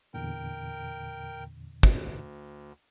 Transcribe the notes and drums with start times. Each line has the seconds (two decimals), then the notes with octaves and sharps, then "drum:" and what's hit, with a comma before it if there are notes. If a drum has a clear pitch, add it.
0.14 E2 A#2 D3 A#4 G5
1.83 D2, drum: kick